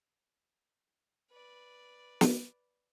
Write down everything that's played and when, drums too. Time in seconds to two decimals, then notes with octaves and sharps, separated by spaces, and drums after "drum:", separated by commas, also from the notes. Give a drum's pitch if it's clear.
1.31 B4 D5
2.21 drum: snare